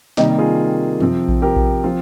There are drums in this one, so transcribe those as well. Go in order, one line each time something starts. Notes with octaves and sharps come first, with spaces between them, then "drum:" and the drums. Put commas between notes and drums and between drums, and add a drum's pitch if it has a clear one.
C3 D#3 G3 A#3 D#4 G4, drum: snare
F4 G#4
C3 F3 C4, drum: tom
drum: kick A#1
G4 A#4
drum: kick A#1
F3 C4 F4